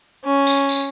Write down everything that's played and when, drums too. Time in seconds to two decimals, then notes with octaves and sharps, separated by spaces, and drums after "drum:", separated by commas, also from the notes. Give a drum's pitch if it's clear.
0.24 C#4
0.47 drum: tambourine
0.69 drum: tambourine